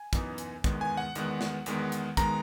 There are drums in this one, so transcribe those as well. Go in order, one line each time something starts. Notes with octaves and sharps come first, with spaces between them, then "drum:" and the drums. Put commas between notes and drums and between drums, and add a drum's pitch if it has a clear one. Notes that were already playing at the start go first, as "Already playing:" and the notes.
Already playing: G#5
F#2 E3 B3 D#4, drum: kick, hi-hat
drum: hi-hat
E2 D#3 G#3 B3, drum: kick, hi-hat
G#5
F#5
E2 D#3 G#3 B3, drum: hi-hat
drum: snare
E2 D#3 G#3 B3, drum: hi-hat
drum: hi-hat
D#3 G#3 B3 A#5, drum: kick, hi-hat